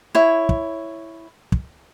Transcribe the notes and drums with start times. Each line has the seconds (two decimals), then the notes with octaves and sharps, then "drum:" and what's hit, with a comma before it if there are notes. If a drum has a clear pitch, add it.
0.15 E4 C#5
0.49 drum: kick
1.52 drum: kick